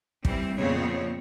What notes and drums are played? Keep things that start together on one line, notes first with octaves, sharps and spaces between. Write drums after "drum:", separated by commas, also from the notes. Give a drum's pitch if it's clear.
E3 G3 C4, drum: kick
F2 A#2 C#3 B3 C4 C#5